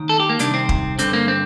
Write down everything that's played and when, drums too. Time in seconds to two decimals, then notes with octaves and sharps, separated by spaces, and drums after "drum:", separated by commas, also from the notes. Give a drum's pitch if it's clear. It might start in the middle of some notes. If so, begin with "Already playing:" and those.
Already playing: D#2 D#3
0.09 A4
0.20 G4
0.29 A#3
0.39 C2 C3 D#3 D4, drum: hi-hat
0.54 C4
0.69 drum: kick
0.99 G2 D3 C4, drum: hi-hat
1.13 A#3
1.28 C4